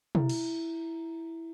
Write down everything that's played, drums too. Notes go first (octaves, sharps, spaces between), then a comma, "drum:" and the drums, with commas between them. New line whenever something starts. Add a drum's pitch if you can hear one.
E4, drum: tom
drum: cymbal